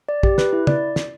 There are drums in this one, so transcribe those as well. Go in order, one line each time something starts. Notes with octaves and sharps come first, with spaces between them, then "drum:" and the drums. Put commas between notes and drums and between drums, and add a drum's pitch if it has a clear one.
D5
G4, drum: kick
B4, drum: snare
E4
D5, drum: tom
drum: snare